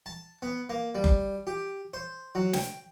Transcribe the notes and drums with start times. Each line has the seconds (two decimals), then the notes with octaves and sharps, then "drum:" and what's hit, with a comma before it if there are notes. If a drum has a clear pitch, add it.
0.06 A5
0.42 B3
0.70 A#3
0.95 G3
1.04 drum: kick F#1
1.47 G4
1.94 C5
2.35 F#3
2.53 G5, drum: snare